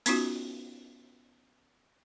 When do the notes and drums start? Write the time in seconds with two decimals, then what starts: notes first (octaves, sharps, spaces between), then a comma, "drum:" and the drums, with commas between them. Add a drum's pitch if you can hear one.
0.06 B3 C#4 D#4 F4 F#4, drum: hi-hat